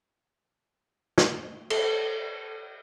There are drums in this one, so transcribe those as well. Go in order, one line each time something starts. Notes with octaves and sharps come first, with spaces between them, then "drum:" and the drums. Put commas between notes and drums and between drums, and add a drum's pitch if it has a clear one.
drum: snare
A4, drum: cymbal